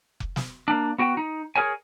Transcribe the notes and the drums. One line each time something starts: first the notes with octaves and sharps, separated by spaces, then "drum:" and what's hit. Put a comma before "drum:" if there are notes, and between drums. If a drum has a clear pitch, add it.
drum: kick F1
drum: snare
A#3 D4
B3 F#4 G5
D#4
G#4 A#4 C#5 G#5